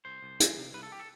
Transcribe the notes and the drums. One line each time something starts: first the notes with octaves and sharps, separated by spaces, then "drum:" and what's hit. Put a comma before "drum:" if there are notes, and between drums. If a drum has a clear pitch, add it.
C2 C5
C2
E3, drum: hi-hat
C3
C2 B4
A4
G4
A4